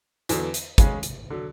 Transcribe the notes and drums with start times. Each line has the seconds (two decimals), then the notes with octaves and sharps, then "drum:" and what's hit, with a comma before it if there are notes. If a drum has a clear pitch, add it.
0.29 E2 D3 F#3 B3, drum: hi-hat
0.54 drum: hi-hat
0.78 C#3 G#3 C#4 G#4, drum: kick, hi-hat
1.03 drum: hi-hat
1.30 D3 F#3